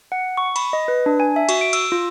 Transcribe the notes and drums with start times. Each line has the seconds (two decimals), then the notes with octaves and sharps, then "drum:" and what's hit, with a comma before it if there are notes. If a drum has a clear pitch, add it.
0.12 F#5
0.37 C#6
0.56 B5, drum: cymbal
0.73 D#5
0.88 B4
1.06 D4
1.20 G#5
1.36 E5
1.49 F#4, drum: cymbal
1.61 D7
1.73 E6, drum: cymbal
1.92 F4